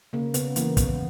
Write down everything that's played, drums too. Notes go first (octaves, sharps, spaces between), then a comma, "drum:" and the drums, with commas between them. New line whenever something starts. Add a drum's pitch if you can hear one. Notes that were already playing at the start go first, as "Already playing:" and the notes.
C#3 A#3
C#3 B3, drum: hi-hat
E3 A#3, drum: hi-hat
C#3 B3, drum: kick, hi-hat